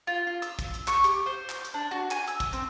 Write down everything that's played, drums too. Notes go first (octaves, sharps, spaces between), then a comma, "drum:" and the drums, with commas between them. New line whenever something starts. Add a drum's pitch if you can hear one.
F4
F4
E6, drum: hi-hat
drum: kick, hi-hat
drum: hi-hat
C#6, drum: clap
G4, drum: hi-hat
C5
drum: clap
drum: hi-hat
D4
F#4
G#5, drum: clap
E6, drum: hi-hat
drum: kick, hi-hat
C4, drum: hi-hat